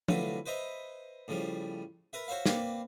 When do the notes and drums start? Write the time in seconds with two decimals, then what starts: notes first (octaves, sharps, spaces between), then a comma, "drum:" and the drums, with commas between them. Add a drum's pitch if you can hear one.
0.08 C2 D3 F#3 A3 F4 B4, drum: tom F3
0.46 B4 C5 D#5 E5 A#5
1.28 A2 C#3 F3 G3
2.13 A#4 B4 E5
2.28 F#4 C5 C#5 E5 F5
2.46 A#3 C4 B4 D5 F5 A5, drum: snare